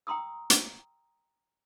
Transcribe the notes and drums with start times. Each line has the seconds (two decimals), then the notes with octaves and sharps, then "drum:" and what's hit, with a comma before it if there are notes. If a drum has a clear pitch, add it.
0.07 G5 A#5 C6 D#6 E6
0.50 drum: hi-hat